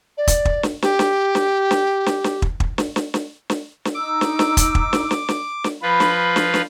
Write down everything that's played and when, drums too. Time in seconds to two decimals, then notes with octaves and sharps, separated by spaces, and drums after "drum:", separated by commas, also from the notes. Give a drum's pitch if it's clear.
0.17 D5
0.27 drum: kick, hi-hat
0.45 drum: kick
0.63 drum: snare
0.82 G4, drum: snare
0.99 drum: snare
1.35 drum: snare
1.71 drum: snare
2.06 drum: snare
2.24 drum: snare
2.42 drum: kick
2.60 drum: kick
2.78 drum: snare
2.96 drum: snare
3.14 drum: snare
3.50 drum: snare
3.85 drum: snare
3.95 D#4 D6 E6
4.21 drum: snare
4.39 drum: snare
4.57 drum: kick, hi-hat
4.75 drum: kick
4.93 drum: snare
5.11 drum: snare
5.28 drum: snare
5.64 drum: snare
5.82 F3 F4 B4 B5
6.00 drum: snare
6.36 drum: snare
6.54 drum: snare